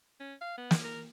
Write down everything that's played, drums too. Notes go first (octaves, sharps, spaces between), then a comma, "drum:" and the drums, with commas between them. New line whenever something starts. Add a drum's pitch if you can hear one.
C#4
F5
B3
drum: snare
A#4